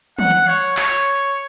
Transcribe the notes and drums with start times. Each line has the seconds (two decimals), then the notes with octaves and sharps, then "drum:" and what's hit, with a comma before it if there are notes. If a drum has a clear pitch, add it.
0.19 F#5, drum: tom
0.48 C#5
0.77 C#5, drum: clap